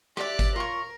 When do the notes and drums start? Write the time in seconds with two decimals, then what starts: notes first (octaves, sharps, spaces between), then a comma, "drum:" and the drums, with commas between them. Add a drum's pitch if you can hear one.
0.17 G4 D5 E5 F#6, drum: rim click
0.39 drum: kick G1, tambourine
0.56 F4 A#4 C#5 C#6